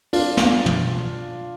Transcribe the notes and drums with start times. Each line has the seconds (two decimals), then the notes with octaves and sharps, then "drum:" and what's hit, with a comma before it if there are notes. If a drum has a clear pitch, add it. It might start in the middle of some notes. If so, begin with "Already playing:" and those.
0.13 D4 F4, drum: open hi-hat
0.37 drum: snare
0.66 drum: tom